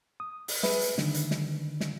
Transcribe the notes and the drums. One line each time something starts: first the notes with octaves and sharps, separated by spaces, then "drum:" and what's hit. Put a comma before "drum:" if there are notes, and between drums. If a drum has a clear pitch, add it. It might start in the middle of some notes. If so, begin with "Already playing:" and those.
D#6
drum: open hi-hat
G#4 B4 E5, drum: snare
drum: hi-hat
D3 D#3, drum: snare
drum: hi-hat
drum: snare
drum: snare